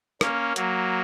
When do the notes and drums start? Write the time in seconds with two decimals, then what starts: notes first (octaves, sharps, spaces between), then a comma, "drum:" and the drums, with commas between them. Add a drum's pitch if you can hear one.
0.21 A#3 C#4, drum: rim click
0.56 F#3 A#3, drum: hi-hat